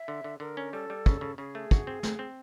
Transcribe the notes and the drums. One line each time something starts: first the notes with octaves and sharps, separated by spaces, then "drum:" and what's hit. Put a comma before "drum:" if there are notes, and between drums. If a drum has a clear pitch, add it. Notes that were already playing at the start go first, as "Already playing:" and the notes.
Already playing: E5
D3
D3
D3 A#4
C#4
G3 A4
G3
C#3, drum: kick
C#3
C#3 G#4
A3
F#4, drum: kick
C4
C4, drum: snare
C4